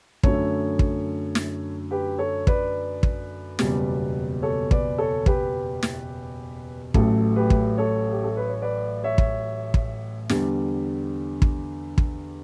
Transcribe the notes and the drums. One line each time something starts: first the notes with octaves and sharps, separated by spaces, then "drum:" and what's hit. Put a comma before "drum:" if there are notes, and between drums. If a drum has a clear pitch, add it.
F#2 D3 A3 A4 C#5, drum: kick
drum: kick
drum: snare
G4 B4
A4 C#5
B4 D5, drum: kick
drum: kick
F#1 E2 B2 G3, drum: snare
A4 C#5
B4 D5, drum: kick
A4 C#5
G4 B4, drum: kick
drum: snare
A1 A2 F#3 A3 A4, drum: kick
G4 B4
drum: kick
A4 C#5
G4
A4
B4
C#5
B4 D5
C#5 E5
drum: kick
drum: kick
E2 D3 G3, drum: snare
drum: kick
drum: kick